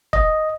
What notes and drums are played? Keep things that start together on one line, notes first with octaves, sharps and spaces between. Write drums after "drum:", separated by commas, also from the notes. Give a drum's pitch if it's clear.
D#5, drum: kick